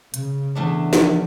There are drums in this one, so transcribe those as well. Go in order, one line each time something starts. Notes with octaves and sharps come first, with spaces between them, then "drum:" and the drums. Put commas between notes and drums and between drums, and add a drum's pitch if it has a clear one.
C#3, drum: hi-hat
E2 A3 D4
F3, drum: snare